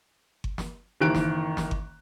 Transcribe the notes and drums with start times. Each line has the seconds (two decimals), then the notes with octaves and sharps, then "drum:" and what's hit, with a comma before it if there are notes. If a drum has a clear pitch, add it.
0.44 drum: kick G1
0.58 drum: snare
1.01 F#1 D#3 E3 F#6 D7
1.15 drum: snare
1.57 drum: snare
1.71 drum: kick G1